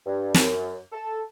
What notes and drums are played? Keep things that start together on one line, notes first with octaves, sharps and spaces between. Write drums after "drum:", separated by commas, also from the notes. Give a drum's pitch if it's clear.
G2
F#2, drum: snare
A4